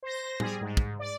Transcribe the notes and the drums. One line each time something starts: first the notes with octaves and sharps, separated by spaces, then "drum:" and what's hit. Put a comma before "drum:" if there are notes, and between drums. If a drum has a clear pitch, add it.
C5 A#6
G3 G#4, drum: tom A2
G#2
drum: kick
D5